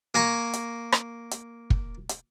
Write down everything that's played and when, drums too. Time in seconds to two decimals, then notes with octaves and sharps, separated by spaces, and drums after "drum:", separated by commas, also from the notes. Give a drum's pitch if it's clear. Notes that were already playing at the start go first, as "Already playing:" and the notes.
0.15 A#3 G#5 A#5 C#6
0.53 drum: hi-hat
0.92 drum: rim click
1.31 drum: hi-hat
1.70 drum: kick
2.09 drum: hi-hat